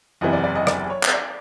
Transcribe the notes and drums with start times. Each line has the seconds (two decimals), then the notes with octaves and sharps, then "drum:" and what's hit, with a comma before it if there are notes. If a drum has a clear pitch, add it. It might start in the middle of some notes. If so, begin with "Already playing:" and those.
0.21 F#1 E2 C3 E3 D#5
0.33 D5
0.44 D5
0.55 D#5
0.67 D5, drum: rim click
0.90 C#5
1.03 drum: clap
1.13 D5